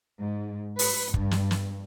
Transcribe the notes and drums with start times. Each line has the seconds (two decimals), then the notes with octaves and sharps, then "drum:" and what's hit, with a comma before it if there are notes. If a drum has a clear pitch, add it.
0.20 G#2
0.79 B4, drum: open hi-hat
1.14 G2, drum: kick
1.31 drum: snare
1.51 drum: snare